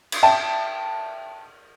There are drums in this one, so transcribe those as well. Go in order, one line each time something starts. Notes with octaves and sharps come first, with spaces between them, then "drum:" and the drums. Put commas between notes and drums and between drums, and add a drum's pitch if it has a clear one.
drum: cymbal
E5 G5 A5